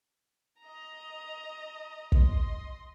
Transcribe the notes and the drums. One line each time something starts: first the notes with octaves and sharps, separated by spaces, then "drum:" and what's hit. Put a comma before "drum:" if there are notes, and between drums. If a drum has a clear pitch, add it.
D#5 A#5
D#5 C6, drum: kick